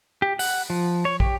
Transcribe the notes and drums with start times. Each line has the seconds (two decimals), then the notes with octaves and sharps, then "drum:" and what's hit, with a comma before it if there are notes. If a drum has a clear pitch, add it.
0.22 G4
0.39 F#5, drum: open hi-hat
0.70 F3
1.05 C#5
1.20 G4, drum: kick